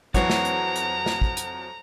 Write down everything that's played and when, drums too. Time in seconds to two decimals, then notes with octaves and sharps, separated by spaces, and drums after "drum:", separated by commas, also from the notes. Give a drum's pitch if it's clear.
0.14 F2 E3 F#3 C#5 F#5 A#5 C7, drum: kick, hi-hat
0.30 drum: snare
0.45 drum: hi-hat
0.76 drum: hi-hat
1.06 drum: snare
1.22 drum: kick
1.37 drum: hi-hat